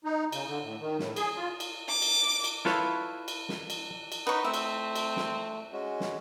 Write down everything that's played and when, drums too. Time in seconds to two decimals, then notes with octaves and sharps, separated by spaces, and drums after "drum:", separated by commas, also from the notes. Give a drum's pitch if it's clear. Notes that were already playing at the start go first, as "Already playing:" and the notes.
0.04 D#4
0.32 C#3, drum: cymbal
0.48 D3
0.63 A2
0.81 D#3
0.99 A2, drum: snare
1.16 G#4, drum: cymbal
1.37 F4
1.60 drum: cymbal
1.88 D6
2.02 drum: cymbal
2.44 drum: cymbal
2.65 E4 F4 A4 B4 C#5, drum: snare
3.28 drum: cymbal
3.49 drum: snare
3.70 drum: cymbal
4.12 drum: cymbal
4.27 D#4 B4 C#5 F#5
4.44 A3 C4 E5
4.54 drum: cymbal
4.95 drum: cymbal
5.16 drum: snare
5.73 G#3 C#4 F#4
6.00 drum: snare